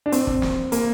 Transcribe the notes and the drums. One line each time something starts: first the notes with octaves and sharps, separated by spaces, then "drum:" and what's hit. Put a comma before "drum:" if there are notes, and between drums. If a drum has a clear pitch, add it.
D4
C4, drum: hi-hat
drum: kick
drum: snare
A#3, drum: hi-hat